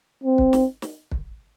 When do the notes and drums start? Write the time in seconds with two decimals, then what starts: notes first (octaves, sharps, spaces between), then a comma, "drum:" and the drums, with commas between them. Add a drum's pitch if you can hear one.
0.24 C4
0.38 drum: kick
0.53 drum: snare
0.82 drum: snare
1.11 drum: kick